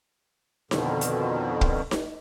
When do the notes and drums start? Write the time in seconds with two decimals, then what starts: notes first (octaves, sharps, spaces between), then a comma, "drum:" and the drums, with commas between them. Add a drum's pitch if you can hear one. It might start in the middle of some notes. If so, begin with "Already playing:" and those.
0.71 F2 B2 D3 D#3, drum: snare D#4
1.01 drum: hi-hat
1.61 drum: kick
1.91 drum: snare D#4